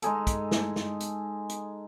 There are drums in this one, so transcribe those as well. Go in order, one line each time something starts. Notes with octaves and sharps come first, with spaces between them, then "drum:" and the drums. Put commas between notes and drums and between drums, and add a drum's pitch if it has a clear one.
G#3 D#4 G#4 A4, drum: hi-hat
drum: kick, hi-hat
drum: snare
drum: snare
drum: hi-hat
drum: hi-hat